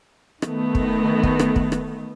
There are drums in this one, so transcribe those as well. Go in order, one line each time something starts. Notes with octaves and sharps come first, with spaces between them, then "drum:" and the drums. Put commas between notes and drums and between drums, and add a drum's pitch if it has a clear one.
D#3 A3 B3, drum: rim click
drum: kick
drum: kick
drum: rim click
drum: kick
drum: rim click